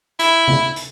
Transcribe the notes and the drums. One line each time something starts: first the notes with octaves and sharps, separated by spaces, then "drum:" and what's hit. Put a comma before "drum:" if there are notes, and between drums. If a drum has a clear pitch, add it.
E4, drum: hi-hat
drum: tom C3
drum: hi-hat